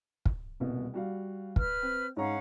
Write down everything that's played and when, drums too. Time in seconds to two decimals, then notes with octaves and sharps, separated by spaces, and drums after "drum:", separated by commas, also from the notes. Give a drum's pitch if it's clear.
0.26 drum: kick
0.60 D#1 C2 B2
0.94 G3 F#4 F5
1.56 B4 F6, drum: kick
1.82 C4
2.17 G#2 C#4 F5 F#5 A#5